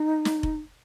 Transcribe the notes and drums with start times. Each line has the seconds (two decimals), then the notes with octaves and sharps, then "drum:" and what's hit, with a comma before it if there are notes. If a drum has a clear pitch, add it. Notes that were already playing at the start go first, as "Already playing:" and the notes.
Already playing: D#4
0.25 drum: snare
0.43 drum: kick F1